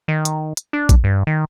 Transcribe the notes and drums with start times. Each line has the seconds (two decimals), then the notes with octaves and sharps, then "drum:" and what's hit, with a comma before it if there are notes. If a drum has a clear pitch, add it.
0.08 D#3
0.25 drum: hi-hat
0.57 drum: hi-hat
0.73 D4
0.89 drum: kick A#1, hi-hat
1.04 G2
1.27 D#3